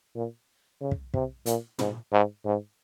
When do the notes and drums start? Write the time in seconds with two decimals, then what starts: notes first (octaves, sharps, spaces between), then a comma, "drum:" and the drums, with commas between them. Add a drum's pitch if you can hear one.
0.15 A#2
0.81 C#3
0.91 drum: kick
1.14 C3, drum: kick
1.46 A#2, drum: hi-hat
1.79 G#2, drum: tom
2.12 G#2
2.45 G#2